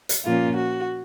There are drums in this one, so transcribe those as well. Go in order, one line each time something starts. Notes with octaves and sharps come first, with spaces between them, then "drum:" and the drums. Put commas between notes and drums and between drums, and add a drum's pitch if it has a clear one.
drum: hi-hat
A#2 F3 A#3 C#4 F4
F#4